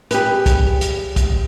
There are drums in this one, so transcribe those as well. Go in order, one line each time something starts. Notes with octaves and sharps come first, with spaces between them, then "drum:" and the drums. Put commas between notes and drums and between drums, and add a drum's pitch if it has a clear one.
G4 G#4 B4, drum: hi-hat
drum: kick, hi-hat
drum: hi-hat
drum: kick, hi-hat